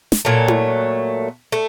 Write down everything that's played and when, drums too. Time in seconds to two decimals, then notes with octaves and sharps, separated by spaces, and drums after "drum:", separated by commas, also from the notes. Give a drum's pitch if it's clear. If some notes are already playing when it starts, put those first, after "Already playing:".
0.12 drum: snare
0.25 A#2 F#3 A3
0.48 drum: tom E4
1.52 A3